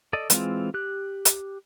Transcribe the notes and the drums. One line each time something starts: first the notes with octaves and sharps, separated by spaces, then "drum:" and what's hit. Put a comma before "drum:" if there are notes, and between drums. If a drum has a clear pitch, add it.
A4 D5 D#5
E3 G#3 C4 F4, drum: hi-hat
G4 F#6
drum: hi-hat